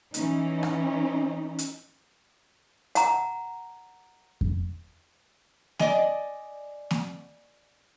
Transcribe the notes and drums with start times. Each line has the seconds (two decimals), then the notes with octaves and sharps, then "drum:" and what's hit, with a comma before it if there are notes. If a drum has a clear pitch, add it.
0.14 E3 C#4 D#4, drum: hi-hat
0.63 drum: rim click
1.59 drum: hi-hat
2.95 F#5 A#5, drum: hi-hat
4.41 drum: kick F2
5.79 D5 D#5 G#5, drum: snare A#3
6.91 drum: snare A#3